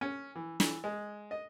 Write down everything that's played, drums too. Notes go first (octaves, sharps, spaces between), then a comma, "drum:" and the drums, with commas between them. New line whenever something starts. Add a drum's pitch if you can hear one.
C#4
E3
E3, drum: snare
G#3
D#5